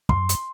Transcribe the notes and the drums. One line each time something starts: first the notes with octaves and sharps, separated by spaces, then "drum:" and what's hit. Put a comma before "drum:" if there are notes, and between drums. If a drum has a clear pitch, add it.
F#2 C6, drum: kick
drum: hi-hat